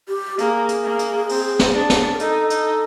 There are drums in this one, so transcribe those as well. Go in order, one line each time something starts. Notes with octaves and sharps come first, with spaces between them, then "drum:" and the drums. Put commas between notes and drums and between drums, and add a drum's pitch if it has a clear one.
G4
A#3 G#4, drum: hi-hat
drum: hi-hat
A#3
drum: hi-hat
C4, drum: open hi-hat
drum: snare
D4
drum: snare
A#4
D#4 A4, drum: hi-hat
D#4, drum: hi-hat